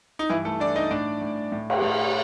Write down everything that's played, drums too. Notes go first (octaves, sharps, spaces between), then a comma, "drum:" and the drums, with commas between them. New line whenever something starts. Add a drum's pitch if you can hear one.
D#4
G2 E3 E4
A3 A4
E3 D4 D5
D#4 D#5
A2 D4 D5
A2
A2
drum: cymbal
A2